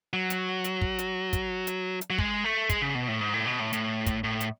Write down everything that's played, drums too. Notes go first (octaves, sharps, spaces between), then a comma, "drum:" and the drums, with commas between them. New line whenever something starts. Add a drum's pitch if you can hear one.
F#3
drum: hi-hat
drum: hi-hat
drum: kick
drum: hi-hat
drum: kick, hi-hat
drum: hi-hat
drum: hi-hat
F#3
G#3, drum: kick
A3
G#3, drum: kick, hi-hat
C#3
B2
A2
G#2
A2
B2
A2
A2, drum: hi-hat
drum: kick, hi-hat
A2
drum: hi-hat